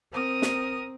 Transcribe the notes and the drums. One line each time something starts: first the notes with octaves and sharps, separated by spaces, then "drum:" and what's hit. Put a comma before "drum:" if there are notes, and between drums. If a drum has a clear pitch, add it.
C4 A#4 D#6
drum: snare